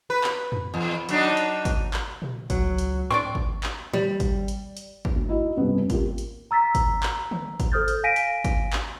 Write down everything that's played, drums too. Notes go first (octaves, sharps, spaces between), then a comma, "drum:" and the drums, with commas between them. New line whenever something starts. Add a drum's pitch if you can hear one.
B4
drum: clap
drum: tom
E2
F#3 D4 D#4, drum: hi-hat
drum: hi-hat
drum: kick, hi-hat
drum: clap
drum: tom A#2
C#2 F#3, drum: kick, hi-hat
drum: hi-hat
A2 C4 D4 D5 C#6
drum: kick
drum: clap
G3, drum: tom D3
drum: kick, hi-hat
drum: hi-hat
drum: hi-hat
drum: kick
D2
D#4 E4 F#4 D#5
F1 C#2 G2 C#3 G3 B3
A#3 F4 G4, drum: kick, hi-hat
drum: hi-hat
A#5 E6 A6 B6
drum: kick, hi-hat
drum: clap
drum: tom D3
drum: kick, hi-hat
A4 C5 D#6 F6 G6 A6
drum: hi-hat
F5 G#5 A#6 B6 D7 D#7
drum: hi-hat
drum: kick, hi-hat
drum: clap